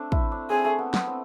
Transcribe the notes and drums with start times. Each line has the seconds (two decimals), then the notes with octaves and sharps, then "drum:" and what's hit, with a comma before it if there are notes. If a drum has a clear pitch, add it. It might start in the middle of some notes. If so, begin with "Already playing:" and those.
Already playing: A3 C4 D4
0.12 E4, drum: kick
0.32 D4
0.50 C4 G#4
0.65 A3
0.79 B3
0.94 B3, drum: snare
1.07 C4